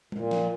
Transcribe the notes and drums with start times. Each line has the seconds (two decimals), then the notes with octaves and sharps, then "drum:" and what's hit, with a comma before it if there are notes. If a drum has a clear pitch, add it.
0.12 A#2, drum: tom G3
0.31 drum: snare